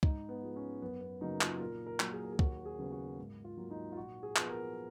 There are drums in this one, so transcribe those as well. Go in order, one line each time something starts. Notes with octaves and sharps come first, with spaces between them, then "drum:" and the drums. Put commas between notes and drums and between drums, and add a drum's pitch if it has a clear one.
G#2 D#4, drum: kick
B3
F3 G#3
C#4
F#2 B3
B3
C#3 F#3 A#3 D#4
F4, drum: clap
A#2 A#4
A#4
F#3 A#3, drum: clap
G#4
A#4
G#4
D#2 F#4, drum: kick
G#4
C#3 F#3 B3
F#4
G#2
F4
F#3 A#3
D#4
F4
A#2 F#4
G#4
F3 B3, drum: clap
A#4